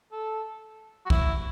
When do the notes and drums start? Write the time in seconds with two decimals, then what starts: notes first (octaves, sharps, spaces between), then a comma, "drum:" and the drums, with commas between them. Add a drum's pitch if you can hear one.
0.12 A4
1.06 F#4
1.10 E4, drum: kick B1